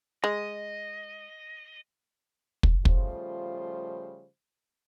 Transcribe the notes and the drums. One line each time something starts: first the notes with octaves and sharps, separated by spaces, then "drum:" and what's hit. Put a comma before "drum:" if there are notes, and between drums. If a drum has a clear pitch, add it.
G#3 D#5
drum: kick
C#3 F3 G3 A3 F4 C5, drum: kick